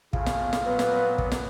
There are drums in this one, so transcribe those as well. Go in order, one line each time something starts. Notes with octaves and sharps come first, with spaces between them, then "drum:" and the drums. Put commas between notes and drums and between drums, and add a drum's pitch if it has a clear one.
A2 C#3 F4, drum: kick
drum: snare
drum: snare
A#2 F#3 B3 B4
drum: snare
drum: kick
drum: snare